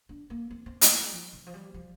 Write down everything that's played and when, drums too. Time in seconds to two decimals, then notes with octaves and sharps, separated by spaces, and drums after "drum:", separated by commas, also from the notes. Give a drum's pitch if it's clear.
0.09 D4
0.30 A#3
0.51 C4
0.66 C4
0.82 A#3, drum: hi-hat
0.97 G#3
1.12 F3
1.33 D#3
1.47 F3
1.54 G3
1.74 F3